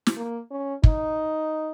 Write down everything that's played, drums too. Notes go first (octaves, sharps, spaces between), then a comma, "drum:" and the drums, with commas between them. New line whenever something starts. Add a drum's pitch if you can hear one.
drum: snare
A#3
C#4
D#4, drum: kick